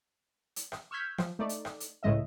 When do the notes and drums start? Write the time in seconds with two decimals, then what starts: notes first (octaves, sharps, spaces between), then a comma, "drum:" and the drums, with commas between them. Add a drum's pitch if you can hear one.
0.56 drum: hi-hat
0.72 drum: rim click
0.91 C#6 E6 F6 G6 G#6 B6
1.18 F3, drum: rim click
1.39 A3 D#4 D5
1.49 drum: hi-hat
1.65 drum: rim click
1.80 drum: hi-hat
2.03 C#2 A2 C#3 G#3 D#5 E5